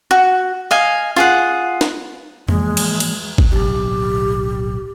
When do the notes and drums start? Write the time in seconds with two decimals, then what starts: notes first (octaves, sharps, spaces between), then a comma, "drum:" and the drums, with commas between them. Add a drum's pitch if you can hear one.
0.11 F#4
0.71 D#5 F5 G#5
1.16 F4 G#4 F#5
1.81 drum: snare
2.48 E3 F3 G#3 A#3, drum: tom F2
2.77 drum: cymbal
3.00 drum: cymbal
3.38 drum: kick G#1
3.51 D1 B1 G4